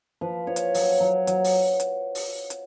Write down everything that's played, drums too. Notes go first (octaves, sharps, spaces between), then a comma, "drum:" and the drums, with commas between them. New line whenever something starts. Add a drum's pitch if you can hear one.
F3 B4
F3 C#5
drum: hi-hat
F#3, drum: open hi-hat
F#3
F#3, drum: hi-hat
drum: open hi-hat
drum: hi-hat
drum: open hi-hat
drum: hi-hat